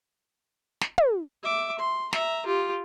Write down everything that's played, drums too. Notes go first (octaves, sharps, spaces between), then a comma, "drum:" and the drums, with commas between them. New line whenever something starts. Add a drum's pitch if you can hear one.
drum: snare
drum: tom
E5 D6
C6
E5 A#5, drum: snare
F4 G4